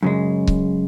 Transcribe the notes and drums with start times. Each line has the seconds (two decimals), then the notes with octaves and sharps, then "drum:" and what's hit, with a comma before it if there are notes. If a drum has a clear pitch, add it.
0.03 F#2 C#3 G#3
0.47 drum: kick C#1